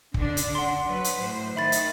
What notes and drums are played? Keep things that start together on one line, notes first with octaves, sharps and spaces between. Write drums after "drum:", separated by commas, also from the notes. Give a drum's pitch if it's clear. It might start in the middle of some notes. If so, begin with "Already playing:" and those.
D3 D4, drum: kick
drum: hi-hat
F#5 C6
F#3 B4
drum: hi-hat
A2 C5
D#3 E5 B5 A6
drum: hi-hat